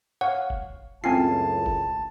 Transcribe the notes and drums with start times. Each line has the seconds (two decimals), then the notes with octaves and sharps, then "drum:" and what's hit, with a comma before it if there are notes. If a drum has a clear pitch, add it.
0.21 C#5 F5 F#5
0.50 drum: kick F1
1.04 C#2 F#2 A2 C4 F4 G#5 A5 C7
1.66 drum: kick F1